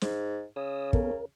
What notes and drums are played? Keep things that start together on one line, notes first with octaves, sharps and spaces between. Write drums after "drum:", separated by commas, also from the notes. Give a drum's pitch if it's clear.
G#2, drum: snare
C#3 D#6 E6
B3 A4 A#4, drum: kick
A#4